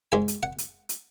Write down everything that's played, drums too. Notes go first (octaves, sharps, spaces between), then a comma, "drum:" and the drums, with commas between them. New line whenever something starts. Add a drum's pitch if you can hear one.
G#2 G#3 G#5
drum: hi-hat
F#5
drum: hi-hat
drum: hi-hat